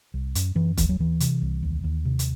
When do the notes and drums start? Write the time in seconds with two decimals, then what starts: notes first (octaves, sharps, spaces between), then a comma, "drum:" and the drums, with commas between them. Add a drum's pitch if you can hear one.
0.14 C2
0.35 F#2, drum: hi-hat
0.55 F#2 E3
0.77 D#2 E3, drum: kick, hi-hat
0.89 F#3
0.99 D#2 E3
1.20 C3, drum: hi-hat
1.42 C2
1.63 D#2
1.84 D#2
2.05 C3
2.19 drum: hi-hat